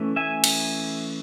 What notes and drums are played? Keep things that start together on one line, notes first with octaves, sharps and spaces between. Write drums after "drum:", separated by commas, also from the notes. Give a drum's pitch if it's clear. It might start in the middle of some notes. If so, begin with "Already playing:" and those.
Already playing: E3 A3 C#4
E5 G#5
drum: cymbal